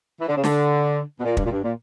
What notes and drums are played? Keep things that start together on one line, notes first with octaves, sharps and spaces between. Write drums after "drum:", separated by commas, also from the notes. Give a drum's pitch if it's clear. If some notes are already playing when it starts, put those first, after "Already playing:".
E3
D3
C#3
D3, drum: snare
B2
A#2
G2, drum: kick
A#2
G2
A#2